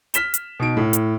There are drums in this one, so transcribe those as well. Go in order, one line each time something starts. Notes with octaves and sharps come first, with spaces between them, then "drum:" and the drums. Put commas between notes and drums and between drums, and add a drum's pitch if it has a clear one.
F6 B6 E7 G7, drum: hi-hat
drum: hi-hat
B2 D#4 D7
A2
drum: hi-hat